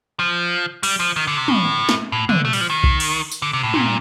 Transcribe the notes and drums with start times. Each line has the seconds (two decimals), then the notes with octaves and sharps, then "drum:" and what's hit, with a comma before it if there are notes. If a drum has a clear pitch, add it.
0.20 F3
0.83 G3, drum: cymbal
1.00 F3
1.16 D#3
1.27 D3
1.37 C3
1.48 A2, drum: tom
1.89 drum: snare
2.12 A2
2.29 D3, drum: tom
2.45 A3
2.53 G3, drum: open hi-hat
2.61 F3
2.70 D#3
2.84 drum: kick B1
3.00 drum: cymbal
3.31 drum: tambourine
3.42 D3
3.53 C3
3.63 A2
3.74 A#2, drum: tom